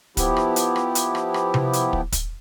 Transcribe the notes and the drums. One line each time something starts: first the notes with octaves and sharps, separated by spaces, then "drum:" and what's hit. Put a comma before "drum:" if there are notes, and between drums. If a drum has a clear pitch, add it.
F3 B3 E4 G4, drum: kick, hi-hat
drum: rim click
drum: hi-hat
drum: rim click
drum: hi-hat
drum: rim click
drum: rim click
drum: tom C3
drum: hi-hat
drum: kick
drum: kick, hi-hat